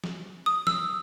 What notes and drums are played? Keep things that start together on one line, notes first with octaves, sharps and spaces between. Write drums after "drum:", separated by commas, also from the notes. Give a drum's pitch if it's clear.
drum: snare F3
D#6
E6, drum: snare F3